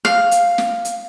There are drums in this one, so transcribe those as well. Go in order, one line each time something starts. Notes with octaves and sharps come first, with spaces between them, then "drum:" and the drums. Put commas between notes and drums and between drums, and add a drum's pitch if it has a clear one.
F5, drum: snare
drum: hi-hat
drum: snare
drum: hi-hat